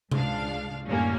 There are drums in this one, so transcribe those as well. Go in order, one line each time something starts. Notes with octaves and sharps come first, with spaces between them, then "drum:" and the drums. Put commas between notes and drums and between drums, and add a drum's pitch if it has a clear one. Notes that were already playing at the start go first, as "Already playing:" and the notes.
C#2 G#2 G#3 D4 F5, drum: tom C3
F#2 A2 D3 G3 A#3 C#4